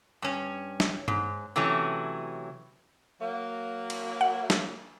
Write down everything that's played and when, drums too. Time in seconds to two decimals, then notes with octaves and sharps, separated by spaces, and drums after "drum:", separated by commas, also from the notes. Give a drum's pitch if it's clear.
0.22 G2 C#4
0.80 drum: snare
1.08 G#2, drum: tom G2
1.56 C3 E3 F#3 A3 C#4
3.20 F#3 A#3
3.90 drum: cymbal
4.21 F#5
4.50 drum: snare